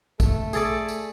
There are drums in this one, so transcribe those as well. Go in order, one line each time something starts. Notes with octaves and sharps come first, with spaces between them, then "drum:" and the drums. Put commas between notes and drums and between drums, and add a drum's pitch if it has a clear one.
A3, drum: kick A#1, tambourine
G#4 A4 D5, drum: tambourine
drum: tambourine